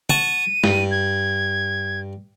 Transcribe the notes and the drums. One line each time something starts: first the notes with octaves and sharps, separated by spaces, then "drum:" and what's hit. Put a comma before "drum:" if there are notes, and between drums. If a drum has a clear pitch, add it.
F#5 A5 C#6 D#7, drum: tom
G2, drum: snare
G#6